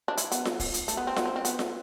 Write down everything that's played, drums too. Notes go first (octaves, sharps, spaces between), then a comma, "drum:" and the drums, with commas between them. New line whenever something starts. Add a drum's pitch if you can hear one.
D4
E4, drum: hi-hat
B3, drum: hi-hat
drum: snare F4
drum: kick, open hi-hat
drum: hi-hat
A3, drum: hi-hat
B3
C4
B3, drum: snare F4
C4
C4
B3, drum: hi-hat
drum: snare F4